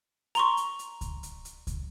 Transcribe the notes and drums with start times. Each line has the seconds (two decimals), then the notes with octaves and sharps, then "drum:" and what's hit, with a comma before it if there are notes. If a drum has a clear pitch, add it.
0.35 A#5 C6 C#6, drum: hi-hat
0.57 drum: hi-hat
0.79 drum: hi-hat
1.01 drum: kick C#2, hi-hat
1.23 drum: hi-hat
1.45 drum: hi-hat
1.67 drum: kick C#2, hi-hat